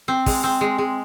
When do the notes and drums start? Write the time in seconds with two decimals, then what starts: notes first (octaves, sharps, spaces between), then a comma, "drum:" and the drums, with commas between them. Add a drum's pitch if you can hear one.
0.08 C4
0.26 G#3, drum: kick, open hi-hat
0.44 C4
0.61 G#3
0.78 G#3